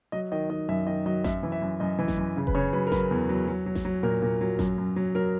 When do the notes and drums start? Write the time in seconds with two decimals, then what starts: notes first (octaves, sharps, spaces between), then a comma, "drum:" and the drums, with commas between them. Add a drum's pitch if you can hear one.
0.12 F#3 D#5
0.32 D#3 D#5
0.50 D#3 D#5
0.69 F#2 E5
0.87 D#3 D#5
1.06 F#3 D#5
1.24 F#2 E5, drum: snare A1
1.43 E3
1.52 E5
1.62 F#2
1.80 F#2 D#5
1.99 E3
2.08 drum: snare A1
2.17 F#2
2.37 C#3
2.47 B4, drum: kick F1
2.55 C#3 C#5
2.73 F#3 B4
2.87 A#4
2.92 F#3 B4, drum: snare A1
3.11 E2
3.29 F#3
3.48 F#3
3.66 F#3
3.75 drum: snare A1
3.85 F#3
4.03 A#2 A#4
4.22 A#2
4.41 F#3
4.59 F#2, drum: snare A1
4.78 F#2
4.96 F#3
5.15 F#3 A#4